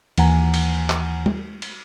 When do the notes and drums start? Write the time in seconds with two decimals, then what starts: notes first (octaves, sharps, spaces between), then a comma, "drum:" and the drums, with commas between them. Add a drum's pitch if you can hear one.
0.18 D#2 E3 F#5 G#5 A#5, drum: cymbal
0.54 drum: cymbal
0.90 drum: clap
1.26 drum: tom G3
1.62 drum: cymbal